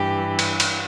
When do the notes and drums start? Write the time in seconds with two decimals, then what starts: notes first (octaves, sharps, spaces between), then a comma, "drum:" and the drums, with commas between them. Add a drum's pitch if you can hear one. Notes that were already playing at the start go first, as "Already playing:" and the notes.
Already playing: G2 E3 G4
0.39 drum: cymbal
0.60 drum: cymbal